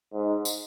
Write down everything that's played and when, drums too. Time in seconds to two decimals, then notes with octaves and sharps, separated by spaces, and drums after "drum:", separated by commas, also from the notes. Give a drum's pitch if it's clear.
0.13 G#2
0.45 drum: tambourine